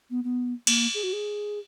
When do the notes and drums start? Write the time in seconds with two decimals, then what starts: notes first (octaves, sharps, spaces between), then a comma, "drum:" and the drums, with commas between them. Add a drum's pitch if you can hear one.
0.10 B3
0.24 B3
0.67 A#3, drum: cymbal
0.94 G#4
1.03 F#4
1.13 G#4